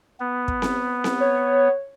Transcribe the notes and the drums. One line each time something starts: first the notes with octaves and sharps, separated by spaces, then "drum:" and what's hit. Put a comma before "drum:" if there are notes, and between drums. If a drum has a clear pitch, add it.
B3
drum: kick
drum: snare C4
drum: snare C4
C#5